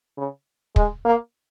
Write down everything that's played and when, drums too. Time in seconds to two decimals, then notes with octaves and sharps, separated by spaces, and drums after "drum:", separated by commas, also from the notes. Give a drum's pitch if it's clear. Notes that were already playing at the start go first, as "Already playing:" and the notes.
0.17 C#3
0.76 G#3, drum: kick
1.05 A#3